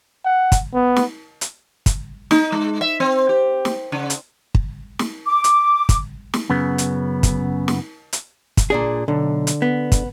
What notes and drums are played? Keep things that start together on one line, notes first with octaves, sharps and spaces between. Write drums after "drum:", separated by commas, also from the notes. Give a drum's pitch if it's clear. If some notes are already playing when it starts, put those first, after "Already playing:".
F#5
drum: kick, hi-hat
B3
drum: snare
drum: hi-hat
drum: kick, hi-hat
D#4, drum: snare
G#3
E5
C4
G4
drum: snare
C#3
drum: hi-hat
drum: kick
drum: snare
D6
drum: hi-hat
drum: kick, hi-hat
drum: snare
F#2 C#3 B3
drum: hi-hat
drum: kick, hi-hat
drum: snare
drum: hi-hat
drum: kick, hi-hat
A#2 D4 G#4
B1 D3
drum: hi-hat
B3
drum: kick, hi-hat